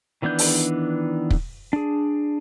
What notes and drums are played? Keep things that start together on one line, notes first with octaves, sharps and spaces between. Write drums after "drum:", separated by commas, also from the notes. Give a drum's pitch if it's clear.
D#3 E3 B3 D4 G6
drum: open hi-hat
drum: kick
D4 G#4